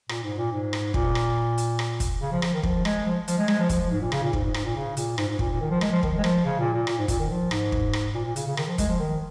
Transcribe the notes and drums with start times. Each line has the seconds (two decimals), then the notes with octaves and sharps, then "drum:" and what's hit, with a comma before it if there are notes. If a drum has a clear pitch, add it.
0.09 A#2, drum: rim click
0.23 G#2
0.38 A#2
0.52 G#2
0.73 drum: rim click
0.94 A#2, drum: kick
1.15 drum: rim click
1.58 drum: hi-hat
1.79 drum: rim click
2.00 drum: kick, hi-hat
2.21 C#3
2.32 F3
2.42 F3, drum: rim click
2.53 D#3
2.63 F3, drum: kick
2.85 G#3, drum: rim click
3.06 F3
3.28 F3, drum: hi-hat
3.38 G#3
3.48 G#3, drum: rim click
3.59 F3
3.69 F3, drum: kick, hi-hat
3.80 F3
3.91 G#2
4.01 A#2
4.12 C#3, drum: rim click
4.23 A#2
4.33 G#2, drum: kick
4.44 G#2
4.54 G#2, drum: rim click
4.65 A#2
4.76 C#3
4.97 A#2, drum: hi-hat
5.18 G#2, drum: rim click
5.28 G#2
5.39 A#2, drum: kick
5.50 A#2
5.61 D#3
5.71 F3
5.81 G#3, drum: rim click
5.92 F3
6.03 D#3, drum: kick
6.18 G#3
6.24 F3, drum: rim click
6.45 C#3
6.59 A#2
6.73 A#2
6.87 A#2, drum: rim click
6.98 G#2
7.08 A#2, drum: kick, hi-hat
7.19 D#3
7.30 F3
7.51 G#2, drum: rim click
7.72 drum: kick
7.93 drum: rim click
8.14 A#2
8.25 A#2
8.36 C#3, drum: hi-hat
8.47 C#3
8.57 D#3, drum: rim click
8.67 F3
8.78 G#3, drum: kick, hi-hat
8.89 F3
8.99 D#3